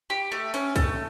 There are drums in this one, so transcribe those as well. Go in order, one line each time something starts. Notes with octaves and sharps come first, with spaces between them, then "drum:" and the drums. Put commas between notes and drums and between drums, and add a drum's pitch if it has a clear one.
G4
A3
C#4, drum: hi-hat
A3, drum: kick, hi-hat